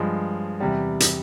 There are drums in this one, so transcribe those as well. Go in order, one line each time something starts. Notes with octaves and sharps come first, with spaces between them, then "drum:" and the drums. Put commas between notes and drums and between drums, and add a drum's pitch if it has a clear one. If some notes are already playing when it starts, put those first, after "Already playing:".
Already playing: G2 F3 G#3
E2 C3 G3
drum: hi-hat